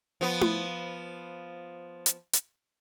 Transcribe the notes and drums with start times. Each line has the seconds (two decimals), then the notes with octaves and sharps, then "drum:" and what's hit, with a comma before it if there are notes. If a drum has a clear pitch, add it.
0.21 F3 B3
0.41 drum: tom E4
2.06 drum: hi-hat
2.33 drum: hi-hat